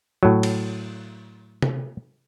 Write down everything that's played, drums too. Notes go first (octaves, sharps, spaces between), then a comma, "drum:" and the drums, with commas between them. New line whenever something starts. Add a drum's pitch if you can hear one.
A2 F#3
drum: cymbal
drum: tom C3